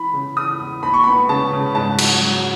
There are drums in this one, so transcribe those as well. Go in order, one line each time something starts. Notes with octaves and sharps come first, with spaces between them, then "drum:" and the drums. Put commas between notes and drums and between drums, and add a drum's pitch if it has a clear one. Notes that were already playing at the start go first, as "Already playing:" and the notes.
Already playing: E3 B5
C#3
E3 D#6
E2
D#2 B5
C#6
B3 B5
C#3 A5
C#3
G#2 A5
F#3, drum: cymbal
F#3